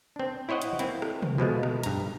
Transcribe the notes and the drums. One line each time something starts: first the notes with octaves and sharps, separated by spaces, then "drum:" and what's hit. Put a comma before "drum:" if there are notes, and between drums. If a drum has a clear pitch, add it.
C4 D4
E4 C5 C#5 D#5 F#5
drum: hi-hat
A#3 C4 E4, drum: hi-hat
drum: rim click
drum: tom C3
B2 F3 G#3 A3
drum: rim click
G2 A#5, drum: hi-hat